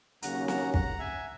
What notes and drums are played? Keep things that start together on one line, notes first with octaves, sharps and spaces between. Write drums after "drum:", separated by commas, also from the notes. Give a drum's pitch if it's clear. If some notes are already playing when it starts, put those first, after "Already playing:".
D#2 C#3 F#3 A#3 C#4 F#5 A#5, drum: hi-hat
F#5 A#5, drum: snare
F#5 A#5, drum: kick
E5 G#5